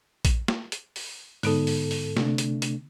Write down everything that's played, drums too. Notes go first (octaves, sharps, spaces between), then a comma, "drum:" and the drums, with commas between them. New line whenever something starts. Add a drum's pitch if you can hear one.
drum: kick A#1, hi-hat
drum: snare
drum: hi-hat
drum: open hi-hat
G#2 D3 B3 D#4 A4, drum: open hi-hat
drum: open hi-hat
drum: open hi-hat
C3 A3 D4, drum: snare
drum: hi-hat
drum: hi-hat